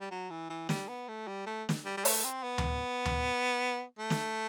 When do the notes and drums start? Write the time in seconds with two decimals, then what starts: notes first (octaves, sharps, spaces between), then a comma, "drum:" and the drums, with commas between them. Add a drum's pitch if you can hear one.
0.01 G3
0.11 F#3
0.30 E3
0.50 E3
0.69 G3, drum: snare
0.88 B3
1.08 A3
1.27 G3
1.46 A3
1.69 drum: snare
1.85 G3
1.97 G3
2.05 A3, drum: open hi-hat
2.24 C4
2.43 B3
2.58 drum: tom D2
3.05 drum: tom D2
3.99 A3
4.10 drum: snare